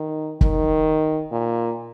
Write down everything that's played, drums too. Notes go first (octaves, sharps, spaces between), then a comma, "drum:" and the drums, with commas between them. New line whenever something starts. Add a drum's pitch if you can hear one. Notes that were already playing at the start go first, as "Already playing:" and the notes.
Already playing: D#3
D#3, drum: kick
A#2